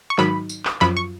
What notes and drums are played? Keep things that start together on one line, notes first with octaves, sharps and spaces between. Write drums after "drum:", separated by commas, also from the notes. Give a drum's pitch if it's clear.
C#6
G#2 D#3 F#3 B5, drum: clap
drum: tambourine
drum: clap
F#2 F3 B5, drum: clap
C#6